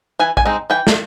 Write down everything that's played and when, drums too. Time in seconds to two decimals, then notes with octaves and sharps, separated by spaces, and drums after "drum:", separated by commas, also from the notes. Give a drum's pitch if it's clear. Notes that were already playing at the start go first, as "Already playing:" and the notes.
0.19 E3 G#5
0.37 G#5, drum: kick A#1
0.45 G#3 C4 D#4
0.70 E3 G5
0.87 drum: snare